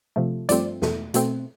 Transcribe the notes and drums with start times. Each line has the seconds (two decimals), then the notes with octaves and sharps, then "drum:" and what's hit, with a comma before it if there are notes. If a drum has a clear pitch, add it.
0.16 C3 F3 A3
0.49 G2 F3 A3 C4 D5, drum: hi-hat
0.82 E2 B2 A3, drum: snare
1.14 B2 A3 C4, drum: hi-hat